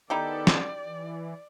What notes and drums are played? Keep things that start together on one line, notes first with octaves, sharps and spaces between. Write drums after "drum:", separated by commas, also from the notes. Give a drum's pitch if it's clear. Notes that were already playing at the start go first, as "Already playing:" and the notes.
D#3 B3 D#4 E4 G4 A4 D5
drum: snare
E3